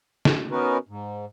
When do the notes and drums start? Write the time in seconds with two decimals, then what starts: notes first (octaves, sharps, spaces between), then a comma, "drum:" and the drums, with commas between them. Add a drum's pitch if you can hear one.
0.25 drum: snare
0.51 B3 C#4 D#4 F#4 A#4 B4
0.89 G#2